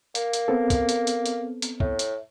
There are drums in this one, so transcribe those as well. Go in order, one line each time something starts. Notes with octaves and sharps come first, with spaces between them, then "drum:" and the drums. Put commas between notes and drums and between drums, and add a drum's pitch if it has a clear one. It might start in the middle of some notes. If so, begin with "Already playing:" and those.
A#3, drum: hi-hat
drum: hi-hat
B3 C4 A4
drum: kick, hi-hat
drum: hi-hat
drum: hi-hat
drum: hi-hat
drum: hi-hat
A2, drum: kick
drum: hi-hat